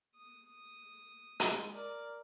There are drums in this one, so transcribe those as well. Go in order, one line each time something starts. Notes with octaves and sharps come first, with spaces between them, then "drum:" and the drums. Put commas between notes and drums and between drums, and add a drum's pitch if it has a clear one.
D#6
G#3, drum: hi-hat
A#4 D5